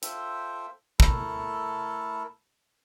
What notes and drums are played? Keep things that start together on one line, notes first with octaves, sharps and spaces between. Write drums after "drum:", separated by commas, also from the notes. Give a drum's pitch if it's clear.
F4 A4 C5 E5 G5, drum: hi-hat
A3 E4 A4 A#4 A5, drum: kick